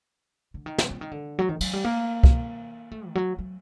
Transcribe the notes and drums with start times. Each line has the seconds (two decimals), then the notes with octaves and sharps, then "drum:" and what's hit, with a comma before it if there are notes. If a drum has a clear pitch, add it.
0.54 D3
0.66 D#3
0.78 drum: snare
0.91 D3
1.01 D#3
1.11 D3
1.39 F#3
1.49 D#3
1.61 F#3, drum: cymbal
1.73 G3
1.85 A#3
2.23 drum: kick
2.92 A3
3.08 D#3
3.15 F#3
3.39 F#3